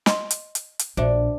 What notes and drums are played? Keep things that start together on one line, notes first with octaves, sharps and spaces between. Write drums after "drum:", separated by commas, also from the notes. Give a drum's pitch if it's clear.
D#5 C6, drum: snare
drum: hi-hat
drum: hi-hat
drum: hi-hat
A#1 D4 F#4 C5 E5